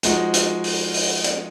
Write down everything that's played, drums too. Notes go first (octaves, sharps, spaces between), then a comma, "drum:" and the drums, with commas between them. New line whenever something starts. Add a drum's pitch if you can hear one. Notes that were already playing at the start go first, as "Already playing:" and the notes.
F3 G#3 D#4 F#4, drum: hi-hat
drum: hi-hat
drum: open hi-hat
drum: open hi-hat
drum: hi-hat